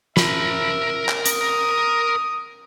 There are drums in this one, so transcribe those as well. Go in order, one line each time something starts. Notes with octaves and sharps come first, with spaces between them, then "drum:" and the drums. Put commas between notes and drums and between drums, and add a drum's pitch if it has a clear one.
A#4 E5 B5, drum: snare
drum: clap
D#6, drum: hi-hat